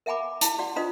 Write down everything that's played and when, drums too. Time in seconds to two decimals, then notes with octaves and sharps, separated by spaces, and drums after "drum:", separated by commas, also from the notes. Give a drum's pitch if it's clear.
0.06 A#4 E5 F#5 G#5 B5 D6
0.41 E4 A5, drum: hi-hat
0.58 F#4 D5 F#5
0.76 D4 F4 C5 D#5 D#6